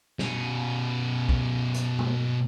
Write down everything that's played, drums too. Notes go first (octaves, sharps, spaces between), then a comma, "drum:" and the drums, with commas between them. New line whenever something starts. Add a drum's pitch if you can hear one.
B2 C#4, drum: snare
drum: kick
drum: hi-hat
drum: tom G2